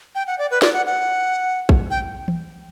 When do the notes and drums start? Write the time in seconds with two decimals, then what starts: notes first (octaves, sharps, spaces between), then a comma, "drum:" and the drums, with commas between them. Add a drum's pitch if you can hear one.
0.15 G5
0.27 F#5
0.38 D5
0.51 B4
0.62 D5, drum: snare
0.74 F#5
0.86 F#5
1.69 drum: kick
1.91 G5
2.28 drum: tom E3